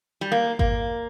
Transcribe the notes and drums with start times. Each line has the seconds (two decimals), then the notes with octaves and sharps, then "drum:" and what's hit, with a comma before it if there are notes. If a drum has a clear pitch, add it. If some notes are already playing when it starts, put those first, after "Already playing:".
0.21 G3
0.32 A#3
0.59 A#3, drum: kick G#1